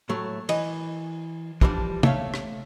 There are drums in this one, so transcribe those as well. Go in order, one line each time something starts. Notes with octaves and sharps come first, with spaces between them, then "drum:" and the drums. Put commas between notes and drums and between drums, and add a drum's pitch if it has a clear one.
A2 F#3 A3
E3 D#5, drum: cymbal
D3 E3 F3 G3 D4, drum: kick
A3 C#5 E5 F5, drum: tom
drum: rim click